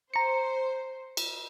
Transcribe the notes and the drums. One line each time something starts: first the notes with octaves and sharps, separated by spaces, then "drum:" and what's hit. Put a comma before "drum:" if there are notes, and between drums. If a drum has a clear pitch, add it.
C5 A#5 C#7
drum: cymbal